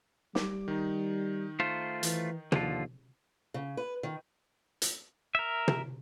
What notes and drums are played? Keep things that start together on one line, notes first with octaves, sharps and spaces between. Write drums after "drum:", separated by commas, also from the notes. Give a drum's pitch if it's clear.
G3 D6, drum: snare
D#3 D#4
A3 F4 C5
E3, drum: hi-hat
D#2 D3 F3 F4, drum: tom
C#3
B4
D#3
drum: hi-hat
A#4 E5
drum: tom